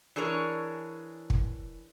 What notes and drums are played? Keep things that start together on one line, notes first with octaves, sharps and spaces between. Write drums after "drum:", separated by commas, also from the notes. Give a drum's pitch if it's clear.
E3 D4 G#4 A#4 C#5
drum: kick